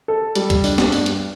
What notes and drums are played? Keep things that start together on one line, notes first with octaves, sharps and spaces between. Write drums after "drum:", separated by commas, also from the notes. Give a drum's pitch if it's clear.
A4
G3, drum: hi-hat
drum: kick, hi-hat
D4, drum: open hi-hat
drum: snare
G2, drum: open hi-hat
drum: hi-hat